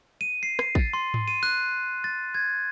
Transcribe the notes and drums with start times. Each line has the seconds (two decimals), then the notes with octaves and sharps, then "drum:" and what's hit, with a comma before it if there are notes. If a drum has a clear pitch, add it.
0.21 D#7
0.43 C7
0.59 C7, drum: rim click
0.75 A6, drum: kick A1
0.93 C6
1.14 drum: tom G#2
1.28 D#7
1.43 F#6
2.04 A6
2.34 G#6